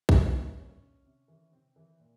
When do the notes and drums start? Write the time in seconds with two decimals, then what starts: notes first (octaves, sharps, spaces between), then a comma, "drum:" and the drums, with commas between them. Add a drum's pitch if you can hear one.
0.09 A#2 D#4, drum: kick
0.33 E4
0.56 A#2 C#4
1.05 C3
1.28 E3
1.52 C3 C4
1.76 E3
2.00 A#2